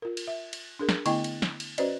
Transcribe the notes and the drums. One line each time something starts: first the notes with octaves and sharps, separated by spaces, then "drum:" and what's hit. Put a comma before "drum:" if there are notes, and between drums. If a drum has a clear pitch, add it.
F4 A#4
drum: cymbal
E5
drum: cymbal
D4 G#4 A#4
drum: snare
D3 A3 B3 E4 D#5 G5, drum: cymbal
drum: cymbal
drum: snare
drum: cymbal
C#4 F#4 B4 C5 D5 D#5, drum: cymbal